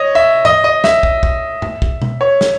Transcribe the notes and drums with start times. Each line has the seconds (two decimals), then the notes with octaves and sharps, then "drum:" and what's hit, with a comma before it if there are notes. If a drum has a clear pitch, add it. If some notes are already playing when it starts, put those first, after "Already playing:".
Already playing: C#5 D#5
0.15 E5
0.45 D#5, drum: tom G#2
0.64 D#5
0.84 E5, drum: snare
1.03 drum: kick
1.23 drum: kick
1.62 drum: tom G2
1.82 drum: kick
2.02 drum: tom B2
2.21 C#5
2.41 drum: snare